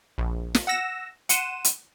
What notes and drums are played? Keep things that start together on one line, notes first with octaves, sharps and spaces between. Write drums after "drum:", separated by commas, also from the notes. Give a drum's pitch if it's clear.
A#1
drum: snare
F#5 E6 A#6 E7
F#5 C6 D#7 E7, drum: hi-hat
drum: hi-hat